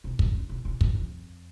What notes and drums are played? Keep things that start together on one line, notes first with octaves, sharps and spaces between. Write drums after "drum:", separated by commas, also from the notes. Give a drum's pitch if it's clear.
B2
D#3, drum: kick
C#3
B2
A#2
G#2, drum: kick
F2